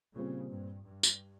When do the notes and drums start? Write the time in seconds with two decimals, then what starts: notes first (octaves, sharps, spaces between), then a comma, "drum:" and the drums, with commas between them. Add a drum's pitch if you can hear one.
0.15 A#2 C#3 G3 C4
0.51 G2
0.87 G2
1.03 drum: tambourine